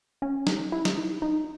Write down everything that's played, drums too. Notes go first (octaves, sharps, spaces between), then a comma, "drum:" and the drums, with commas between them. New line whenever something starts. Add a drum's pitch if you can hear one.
C#4
D#4, drum: snare
E4
drum: snare
D#4
D#4